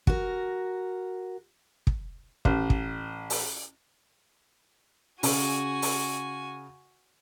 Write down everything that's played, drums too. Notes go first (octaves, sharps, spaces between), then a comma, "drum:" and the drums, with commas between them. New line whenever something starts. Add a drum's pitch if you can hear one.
F#4 A#4, drum: kick
drum: kick
A1, drum: kick
drum: kick
drum: open hi-hat
C#3 F#4 G#5, drum: open hi-hat
drum: open hi-hat